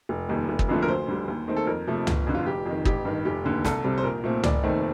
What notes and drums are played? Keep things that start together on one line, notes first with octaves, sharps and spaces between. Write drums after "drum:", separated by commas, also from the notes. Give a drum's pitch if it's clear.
F1
D#2 D#3 G3
F1
drum: kick
F2 D3 F3 A3
A#4
D2 C5
D3 G3
D#2
D#3 A3 C4
A4
F2 A#4
C3 F3 A3
G1, drum: tom
F2 D3
F4
F1 G4
F2 D#3
A1 G4, drum: kick
G2 D#3
F1 G4
D#2 D3
C2 A4, drum: snare
C3 G3 C4
C5
A#1 A#4
A#2 A3 C4
F1 D5, drum: tom
D#2 D#3 A3 C4